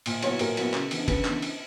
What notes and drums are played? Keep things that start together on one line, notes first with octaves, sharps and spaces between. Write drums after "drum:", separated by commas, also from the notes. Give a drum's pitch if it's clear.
A#2, drum: cymbal
F#3 B3 E4 C#5, drum: cymbal
A#2 A#4, drum: cymbal
F#3 B3 E4, drum: cymbal
C#3, drum: clap
E3 B3 D4, drum: cymbal
C#3 B4, drum: kick F#1, cymbal
E3 B3 D4, drum: clap
drum: cymbal